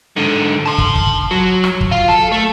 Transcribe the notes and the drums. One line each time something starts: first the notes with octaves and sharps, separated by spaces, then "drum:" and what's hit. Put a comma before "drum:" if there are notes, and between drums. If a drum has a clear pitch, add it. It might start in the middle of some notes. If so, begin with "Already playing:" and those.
G#2 D3
A5 C6
drum: kick
drum: kick
F#3
drum: rim click
drum: kick
F4
A4
A3